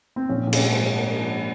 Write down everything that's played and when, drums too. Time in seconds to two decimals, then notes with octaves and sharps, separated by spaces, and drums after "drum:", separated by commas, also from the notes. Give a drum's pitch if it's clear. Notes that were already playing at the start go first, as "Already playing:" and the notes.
0.16 C4
0.29 A#1 C#4
0.47 A#1
0.53 C#4, drum: cymbal
0.63 G#2
0.75 C5
0.81 F3
0.97 A#4